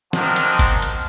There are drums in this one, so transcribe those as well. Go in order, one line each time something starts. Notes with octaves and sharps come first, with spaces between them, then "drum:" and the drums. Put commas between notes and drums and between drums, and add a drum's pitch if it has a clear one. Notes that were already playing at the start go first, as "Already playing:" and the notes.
F3 F#3 C4 D4 D#4 A#4, drum: snare
drum: hi-hat
drum: kick G1, hi-hat
drum: hi-hat